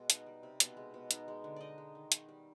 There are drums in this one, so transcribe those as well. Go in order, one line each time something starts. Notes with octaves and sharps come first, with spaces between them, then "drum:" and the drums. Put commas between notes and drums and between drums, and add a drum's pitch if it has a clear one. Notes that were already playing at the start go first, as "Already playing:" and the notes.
Already playing: B2 G#3
D#4, drum: hi-hat
G3
C3
B2, drum: hi-hat
G#3
B2
D#4, drum: hi-hat
G#3
D3
D#4 D5 D#5
G#3
D#3
D#4, drum: hi-hat
G3